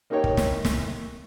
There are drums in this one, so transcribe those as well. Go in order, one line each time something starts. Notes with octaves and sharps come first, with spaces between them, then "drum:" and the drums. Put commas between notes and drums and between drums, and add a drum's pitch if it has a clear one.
A#3 D#4 G4 A#4 C#5 G5
drum: kick
drum: snare
drum: snare